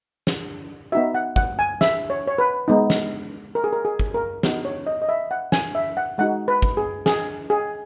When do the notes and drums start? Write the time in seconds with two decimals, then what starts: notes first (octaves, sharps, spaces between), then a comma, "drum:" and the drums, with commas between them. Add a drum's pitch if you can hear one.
0.27 drum: snare
0.92 B3 D#4 F#4 E5
1.14 F#5
1.36 F#5, drum: kick
1.59 G#5
1.81 E5, drum: snare
2.10 C#5
2.28 C#5
2.38 B4
2.68 G#3 B3 D#4
2.90 drum: snare
3.55 A#4
3.64 G#4
3.73 A#4
3.85 G#4
3.99 drum: kick
4.14 A#4
4.43 B3 D#4 F#4, drum: snare
4.65 C#5
4.87 D#5
5.02 D#5
5.09 E5
5.31 F#5
5.52 G#5, drum: snare
5.75 E5
5.97 F#5
6.18 G#3 D#4 F#4 F#5
6.48 B4
6.62 drum: kick
6.77 G#4
7.06 G#4, drum: snare
7.50 G#4